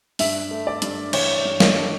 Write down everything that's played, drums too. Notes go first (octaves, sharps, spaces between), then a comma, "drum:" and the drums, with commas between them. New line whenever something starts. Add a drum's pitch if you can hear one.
G2 E5, drum: open hi-hat
A3
D5
G2, drum: hi-hat
E3 C#5, drum: cymbal
G2
D#5, drum: snare
A3